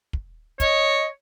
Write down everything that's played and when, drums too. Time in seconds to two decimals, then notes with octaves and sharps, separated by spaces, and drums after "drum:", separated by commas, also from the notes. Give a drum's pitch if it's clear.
0.13 drum: kick
0.60 C#5 D#5, drum: kick, hi-hat